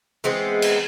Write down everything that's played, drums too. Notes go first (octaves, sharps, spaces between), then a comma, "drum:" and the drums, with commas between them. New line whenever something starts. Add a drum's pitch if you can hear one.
E3 G#3 B3 C4
drum: cymbal